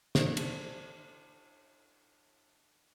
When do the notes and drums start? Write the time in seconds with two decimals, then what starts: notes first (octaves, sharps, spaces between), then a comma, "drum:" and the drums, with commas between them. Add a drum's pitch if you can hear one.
0.15 G4 A4 C5 D5, drum: snare
0.37 drum: cymbal